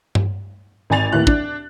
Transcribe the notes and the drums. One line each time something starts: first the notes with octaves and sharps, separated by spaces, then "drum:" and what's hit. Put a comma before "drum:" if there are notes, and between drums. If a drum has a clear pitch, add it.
drum: tom G2
G#1 D5 G#5 A6 F7
D#2 A2 E3 F#6
D4, drum: kick